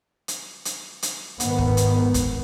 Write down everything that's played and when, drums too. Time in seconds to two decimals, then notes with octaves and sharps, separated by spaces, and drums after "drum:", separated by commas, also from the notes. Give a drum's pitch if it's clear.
0.28 drum: hi-hat
0.65 drum: hi-hat
1.03 drum: hi-hat
1.40 G#2 D#3 B3, drum: hi-hat
1.58 drum: kick
1.77 drum: hi-hat
2.14 drum: kick, hi-hat